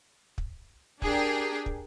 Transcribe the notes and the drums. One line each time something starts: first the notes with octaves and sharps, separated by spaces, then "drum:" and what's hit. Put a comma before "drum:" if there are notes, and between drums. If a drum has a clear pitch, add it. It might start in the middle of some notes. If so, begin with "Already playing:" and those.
drum: kick
D4 G4 G#4 A#4 G5, drum: kick
drum: kick